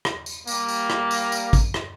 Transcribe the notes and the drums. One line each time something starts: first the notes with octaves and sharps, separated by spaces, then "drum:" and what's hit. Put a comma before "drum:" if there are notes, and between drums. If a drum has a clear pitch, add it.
drum: rim click
drum: tambourine
G3 A#3, drum: tambourine
drum: tambourine
drum: rim click
drum: tambourine
drum: tambourine
drum: kick, tambourine
drum: rim click